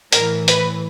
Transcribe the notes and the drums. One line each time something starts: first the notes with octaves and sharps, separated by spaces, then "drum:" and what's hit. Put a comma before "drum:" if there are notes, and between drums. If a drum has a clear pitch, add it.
A2 E3 A#4, drum: hi-hat
B4, drum: hi-hat